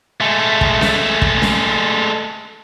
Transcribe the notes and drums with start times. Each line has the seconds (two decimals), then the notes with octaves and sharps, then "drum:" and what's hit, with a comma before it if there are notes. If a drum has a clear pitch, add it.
0.21 G#3 A3
0.61 drum: kick
0.81 drum: snare C#4
1.22 drum: kick
1.42 drum: snare C#4